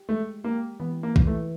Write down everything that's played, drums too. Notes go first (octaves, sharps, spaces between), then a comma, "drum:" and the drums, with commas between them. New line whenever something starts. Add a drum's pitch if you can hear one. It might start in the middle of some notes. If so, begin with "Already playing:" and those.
Already playing: G4
G#3 A3
A#3 G4
E3 B3
A#3
E3, drum: kick A#1
A3